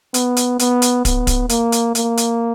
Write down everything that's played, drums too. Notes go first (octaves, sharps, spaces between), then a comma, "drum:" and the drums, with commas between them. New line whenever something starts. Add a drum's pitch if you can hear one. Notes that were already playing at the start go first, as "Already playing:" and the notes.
B3, drum: hi-hat
drum: hi-hat
B3, drum: hi-hat
drum: hi-hat
B3, drum: kick, hi-hat
drum: kick, hi-hat
A#3, drum: hi-hat
drum: hi-hat
A#3, drum: hi-hat
drum: hi-hat